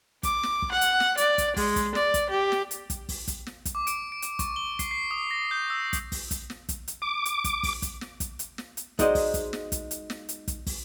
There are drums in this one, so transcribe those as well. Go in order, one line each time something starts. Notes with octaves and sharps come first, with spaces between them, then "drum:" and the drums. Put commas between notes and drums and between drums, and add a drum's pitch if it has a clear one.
D6, drum: kick, hi-hat
drum: snare
drum: kick
F#5
drum: hi-hat
drum: snare
D5, drum: hi-hat
drum: kick, hi-hat
G#3, drum: kick, open hi-hat
drum: kick, hi-hat
D5, drum: snare
drum: kick, hi-hat
G4
drum: snare
drum: hi-hat
drum: kick, hi-hat
drum: kick, open hi-hat
drum: kick, hi-hat
drum: snare
drum: kick, hi-hat
D6
D7, drum: hi-hat
D7
drum: hi-hat
C#6, drum: kick, hi-hat
G7
C7, drum: kick, hi-hat
C7
D#6
A#6
G6
E6
drum: kick, hi-hat
drum: kick, open hi-hat
drum: kick, hi-hat
drum: snare
drum: kick, hi-hat
drum: hi-hat
D6
drum: hi-hat
drum: kick, hi-hat
drum: kick, open hi-hat
drum: kick, hi-hat
drum: snare
drum: kick, hi-hat
drum: hi-hat
drum: snare
drum: hi-hat
G#3 D#4 F#4 C5 D5 D#5, drum: kick, hi-hat
drum: kick, open hi-hat
drum: kick, hi-hat
drum: snare
drum: kick, hi-hat
drum: hi-hat
drum: snare
drum: hi-hat
drum: kick, hi-hat
drum: kick, open hi-hat